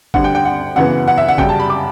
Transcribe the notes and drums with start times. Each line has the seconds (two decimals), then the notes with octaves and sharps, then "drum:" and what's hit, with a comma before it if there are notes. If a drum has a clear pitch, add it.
0.14 D2 D3 G3 F#5, drum: kick G1
0.24 G5
0.35 G5
0.45 F#5
0.76 F#2 C#3 E3 B3 F#5
1.08 F#5
1.18 E5
1.28 F#5
1.38 F#2 C#3 G3 G5, drum: kick G1
1.49 A5
1.60 B5
1.70 D6